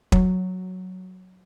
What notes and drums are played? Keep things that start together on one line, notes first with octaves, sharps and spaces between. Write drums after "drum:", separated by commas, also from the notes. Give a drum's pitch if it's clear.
F#3, drum: kick